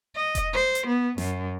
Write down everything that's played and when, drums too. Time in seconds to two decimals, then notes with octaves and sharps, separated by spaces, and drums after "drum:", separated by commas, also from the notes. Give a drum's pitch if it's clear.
0.15 D#5
0.35 drum: kick E1, hi-hat
0.53 C5
0.75 drum: hi-hat
0.86 B3
1.18 F#2, drum: snare